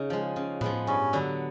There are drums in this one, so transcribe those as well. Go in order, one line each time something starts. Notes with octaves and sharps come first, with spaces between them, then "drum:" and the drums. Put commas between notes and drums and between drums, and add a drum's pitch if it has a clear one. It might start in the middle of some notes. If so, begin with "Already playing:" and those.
Already playing: C#3 D#4
F3 G#3
C#3
F3 G#3 B3, drum: tom A2
G2 C#4
D3 F#3 B3